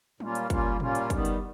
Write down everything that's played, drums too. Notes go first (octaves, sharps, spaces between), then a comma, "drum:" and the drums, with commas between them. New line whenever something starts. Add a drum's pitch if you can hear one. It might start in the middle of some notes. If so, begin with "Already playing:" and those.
A#2 G3 A#3 C#4 F4, drum: tom F#3
drum: hi-hat
A#2 G3 A#3 C#4 F4, drum: kick, hi-hat
A#2 G3 A#3 C#4 F4, drum: tom A2
drum: hi-hat
D#3 G3 B3, drum: kick, hi-hat
drum: hi-hat